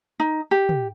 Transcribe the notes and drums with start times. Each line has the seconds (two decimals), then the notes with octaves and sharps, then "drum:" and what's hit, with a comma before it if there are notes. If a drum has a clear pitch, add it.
0.20 D#4
0.51 G4
0.69 drum: tom